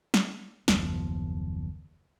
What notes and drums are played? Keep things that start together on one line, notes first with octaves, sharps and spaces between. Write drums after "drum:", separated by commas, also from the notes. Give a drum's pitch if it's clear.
drum: snare
F#1 D#2 F3 B3, drum: snare